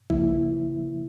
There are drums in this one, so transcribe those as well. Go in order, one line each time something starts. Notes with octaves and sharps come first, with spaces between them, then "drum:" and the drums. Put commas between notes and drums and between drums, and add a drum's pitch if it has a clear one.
C#3 F3 A#3 E4, drum: kick A1